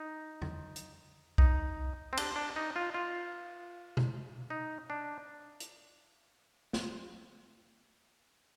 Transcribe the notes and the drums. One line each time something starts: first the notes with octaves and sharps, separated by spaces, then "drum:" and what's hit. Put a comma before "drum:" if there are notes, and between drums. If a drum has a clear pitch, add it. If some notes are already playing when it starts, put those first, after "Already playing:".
Already playing: D#4
drum: tom E2
drum: hi-hat
D#4, drum: kick B1
C4
D4, drum: cymbal
D4
D#4
F4
F4
drum: tom B2
D#4
D4
drum: hi-hat
drum: snare